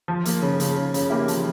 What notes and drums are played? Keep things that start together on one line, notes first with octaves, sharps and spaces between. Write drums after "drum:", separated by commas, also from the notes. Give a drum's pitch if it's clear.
F3
A#3, drum: hi-hat
C#3
C#3, drum: hi-hat
C#3
C#3, drum: hi-hat
A#3 E4 G4
F3, drum: hi-hat